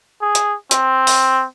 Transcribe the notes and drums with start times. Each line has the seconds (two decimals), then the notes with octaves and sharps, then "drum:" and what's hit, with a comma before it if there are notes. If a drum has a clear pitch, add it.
0.22 G#4
0.35 drum: hi-hat
0.71 C4, drum: hi-hat
1.07 drum: open hi-hat